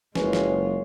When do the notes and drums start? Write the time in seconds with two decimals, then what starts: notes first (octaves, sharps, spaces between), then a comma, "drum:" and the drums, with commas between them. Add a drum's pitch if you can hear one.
0.15 F#1 G#3 C#4 F4 B4, drum: snare
0.33 drum: snare